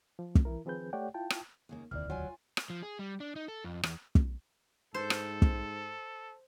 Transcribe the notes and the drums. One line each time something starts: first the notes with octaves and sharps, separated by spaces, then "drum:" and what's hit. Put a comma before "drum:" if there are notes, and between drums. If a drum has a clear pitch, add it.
F3
drum: kick
E3 E4 A#4
D#3 F3 C4 G#4 B4 G6
A3 G4 C#5 D5 F#5 G5
E4 F4 G5 A5
drum: rim click
D#2 C#3 A#3
E1 D2 D#3 A#3 C4 E4 D5 F6
F#3 F4 G#5
drum: rim click
F3
G#4
G3
D4
D#4
A4
F2
E2, drum: rim click
drum: kick
G#2 A4 C5
drum: rim click
drum: kick